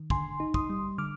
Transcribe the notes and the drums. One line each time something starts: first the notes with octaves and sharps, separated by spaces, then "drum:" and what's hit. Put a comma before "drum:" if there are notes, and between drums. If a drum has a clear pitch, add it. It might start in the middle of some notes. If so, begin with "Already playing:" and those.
Already playing: D#3
D3 G#5 C6, drum: kick
D#4
C6 D#6, drum: kick
G3
D3 D6 F6